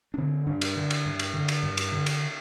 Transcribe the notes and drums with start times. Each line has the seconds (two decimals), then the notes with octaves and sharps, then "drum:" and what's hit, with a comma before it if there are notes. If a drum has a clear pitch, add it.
0.14 D4
0.18 D3 C4
0.47 G2 D4
0.61 drum: cymbal
0.76 D3
0.90 drum: cymbal
1.05 G2
1.19 drum: cymbal
1.34 D3
1.48 drum: cymbal
1.63 G2
1.77 drum: cymbal
1.92 D3
2.06 drum: cymbal